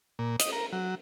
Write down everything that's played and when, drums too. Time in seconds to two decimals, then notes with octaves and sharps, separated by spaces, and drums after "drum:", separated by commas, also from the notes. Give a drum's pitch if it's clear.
0.19 A#2
0.39 D#5, drum: hi-hat
0.52 A#4
0.73 F#3